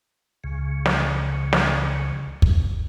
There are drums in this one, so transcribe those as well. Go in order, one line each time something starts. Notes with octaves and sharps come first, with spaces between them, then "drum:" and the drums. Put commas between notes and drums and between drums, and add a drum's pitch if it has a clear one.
C#2 C#3
drum: snare
drum: snare
drum: kick